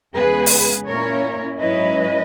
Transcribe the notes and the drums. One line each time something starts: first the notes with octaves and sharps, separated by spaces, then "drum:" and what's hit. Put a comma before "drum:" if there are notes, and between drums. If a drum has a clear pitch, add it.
E2 C#3 G#3 B3 G#4 B4
drum: open hi-hat
A#2 A#3 C#4 E4 A#4 C#5
G#2 F#3 C#4 E4 B4 D#5